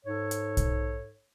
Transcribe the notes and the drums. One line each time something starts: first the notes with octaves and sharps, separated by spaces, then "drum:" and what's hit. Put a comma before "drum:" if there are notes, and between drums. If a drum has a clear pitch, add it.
G#2 A4 C#5
drum: hi-hat
drum: kick, hi-hat